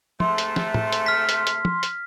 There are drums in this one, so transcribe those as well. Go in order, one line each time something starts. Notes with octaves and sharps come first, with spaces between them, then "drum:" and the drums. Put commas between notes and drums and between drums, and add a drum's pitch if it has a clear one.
G#2 C3 A3 C6, drum: tom
drum: hi-hat
drum: snare
drum: tom
drum: hi-hat
F6 B6
drum: hi-hat
drum: hi-hat
drum: tom
drum: hi-hat